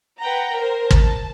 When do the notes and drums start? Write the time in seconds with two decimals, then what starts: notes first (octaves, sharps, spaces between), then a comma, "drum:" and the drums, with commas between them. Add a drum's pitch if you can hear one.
0.20 B4 F#5 G5 A#5
0.56 A#4 C5
0.91 A5, drum: kick